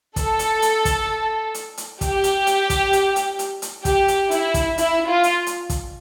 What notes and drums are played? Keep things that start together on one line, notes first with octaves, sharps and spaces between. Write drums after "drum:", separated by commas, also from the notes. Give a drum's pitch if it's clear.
A4, drum: kick, hi-hat
drum: hi-hat
drum: hi-hat
drum: kick, hi-hat
drum: hi-hat
drum: hi-hat
G4, drum: kick, hi-hat
drum: hi-hat
drum: hi-hat
drum: kick, hi-hat
drum: hi-hat
drum: hi-hat
drum: hi-hat
drum: hi-hat
G4, drum: kick, hi-hat
drum: hi-hat
E4, drum: hi-hat
drum: kick, hi-hat
E4, drum: hi-hat
F4
drum: hi-hat
drum: hi-hat
drum: kick, hi-hat